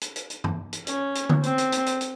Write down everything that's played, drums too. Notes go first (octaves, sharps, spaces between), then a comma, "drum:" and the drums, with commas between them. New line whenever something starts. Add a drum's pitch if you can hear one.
drum: hi-hat
drum: hi-hat
drum: hi-hat
drum: tom G2
drum: hi-hat
C#4, drum: hi-hat
drum: hi-hat
drum: tom D3
C4, drum: hi-hat
drum: hi-hat
drum: hi-hat
drum: hi-hat
drum: hi-hat